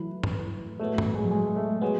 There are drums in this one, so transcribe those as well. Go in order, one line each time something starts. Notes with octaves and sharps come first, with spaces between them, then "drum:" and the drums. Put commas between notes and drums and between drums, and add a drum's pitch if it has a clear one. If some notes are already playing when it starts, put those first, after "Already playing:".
Already playing: E3 F#3 A3 E4 B4
drum: tom
A2 F#3 A3 B3
drum: tom
G#3
F#3
G#3
A3
F#3 G#3 B3